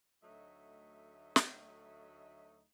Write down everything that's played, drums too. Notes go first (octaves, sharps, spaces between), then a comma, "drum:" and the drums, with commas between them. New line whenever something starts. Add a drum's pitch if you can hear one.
D2 F#3 A3 D#4 D#5 E5
drum: snare